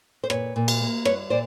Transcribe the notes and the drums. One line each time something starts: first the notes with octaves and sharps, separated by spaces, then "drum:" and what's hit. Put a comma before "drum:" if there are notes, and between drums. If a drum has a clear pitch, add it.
C5
A#2 B4 C#5, drum: rim click
A#2
drum: cymbal
A#3
G3 B4 C#5, drum: rim click
A#2 C5 D5